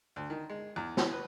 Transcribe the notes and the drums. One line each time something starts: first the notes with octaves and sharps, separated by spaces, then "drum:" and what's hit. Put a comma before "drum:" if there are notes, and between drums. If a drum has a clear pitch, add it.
D2
D#3
G#3
E2
E3, drum: snare
B4